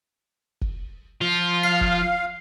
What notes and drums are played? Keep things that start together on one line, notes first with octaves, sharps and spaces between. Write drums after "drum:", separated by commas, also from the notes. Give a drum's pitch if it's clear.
drum: kick
F3 F4
F5 C7
drum: kick